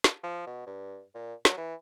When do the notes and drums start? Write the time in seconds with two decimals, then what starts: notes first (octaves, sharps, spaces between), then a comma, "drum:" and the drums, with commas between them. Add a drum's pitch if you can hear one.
0.04 drum: snare
0.23 F3
0.47 B2
0.67 G2
1.15 A#2
1.45 F#3, drum: snare
1.58 E3